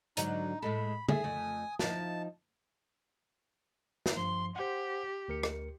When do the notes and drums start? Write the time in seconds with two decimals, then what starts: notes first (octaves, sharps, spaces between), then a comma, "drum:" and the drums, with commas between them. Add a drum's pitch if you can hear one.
0.17 G#2 D3 F#3 D#4, drum: hi-hat
0.62 A2 G#3 A4 B5
1.08 G#4 A4 E5 G#5 D#6, drum: tom
1.24 F2 A3
1.79 F3 D#4 E4 A5, drum: snare
4.06 drum: snare
4.17 G2 F3 C6
4.56 G4 C5 F#5
5.28 D2 A#4 C#7
5.43 drum: rim click